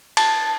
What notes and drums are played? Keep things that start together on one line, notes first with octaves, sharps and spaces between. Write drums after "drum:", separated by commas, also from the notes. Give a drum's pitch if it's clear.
A5, drum: cymbal